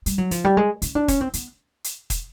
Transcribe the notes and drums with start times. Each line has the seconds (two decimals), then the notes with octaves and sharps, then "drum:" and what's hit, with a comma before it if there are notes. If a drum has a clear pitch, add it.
0.06 G3, drum: hi-hat
0.18 F#3
0.31 F3, drum: hi-hat
0.44 G3
0.57 G#3
0.82 C#4, drum: hi-hat
0.95 D4
1.08 C#4, drum: kick, hi-hat
1.21 C4
1.34 B3, drum: hi-hat
1.84 drum: hi-hat
2.10 drum: kick, hi-hat